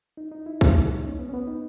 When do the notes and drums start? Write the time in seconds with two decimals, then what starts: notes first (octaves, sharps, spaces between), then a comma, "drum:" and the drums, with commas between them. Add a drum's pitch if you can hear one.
0.17 D#4
0.31 D#4
0.46 E4
0.61 D#4, drum: kick B1
0.75 E4
0.89 D#4
1.05 C#4
1.19 B3
1.29 C#4
1.34 B3
1.47 D#4